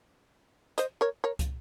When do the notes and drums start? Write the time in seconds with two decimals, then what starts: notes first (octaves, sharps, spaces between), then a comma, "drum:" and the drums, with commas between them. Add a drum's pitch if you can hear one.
0.78 C5 D#5, drum: hi-hat
1.01 A#4 C#5
1.24 A#4 C#5
1.39 drum: kick, hi-hat